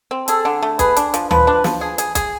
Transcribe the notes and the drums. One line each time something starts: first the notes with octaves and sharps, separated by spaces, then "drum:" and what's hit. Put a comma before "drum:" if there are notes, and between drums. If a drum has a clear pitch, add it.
C4
G#4 A4, drum: hi-hat
D3
A3
G#4 B4, drum: kick, hi-hat
D4, drum: hi-hat
F3, drum: hi-hat
F3 B4, drum: tom D2
D4
F3, drum: snare
G#4
G#4, drum: hi-hat
G#4, drum: kick, hi-hat